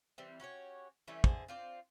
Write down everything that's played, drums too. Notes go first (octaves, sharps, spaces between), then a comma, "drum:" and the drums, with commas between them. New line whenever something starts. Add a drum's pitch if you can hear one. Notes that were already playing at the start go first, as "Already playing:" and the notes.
E3 G3 C4
C#4 F#4 G4 C#5
E3 G3 A3 C#4
D3 E3 G#4 C5, drum: kick
C4 F4 D5